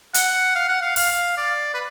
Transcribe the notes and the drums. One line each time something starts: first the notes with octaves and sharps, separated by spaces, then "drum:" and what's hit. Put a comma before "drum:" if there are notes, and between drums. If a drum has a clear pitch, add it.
F#5, drum: hi-hat
F5
F#5
F5
F5, drum: open hi-hat
D5
B4